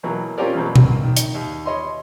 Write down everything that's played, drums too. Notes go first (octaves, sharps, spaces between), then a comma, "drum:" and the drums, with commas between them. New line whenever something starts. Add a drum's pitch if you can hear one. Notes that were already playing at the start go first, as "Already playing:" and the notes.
B2 E3 F#3 A#3
C4 C#4 F4 G4 A#4 D5
F#2 B2 F#3 A#3
drum: tom B2
D#3
drum: hi-hat
D#2
C#5 D#5 B5 C6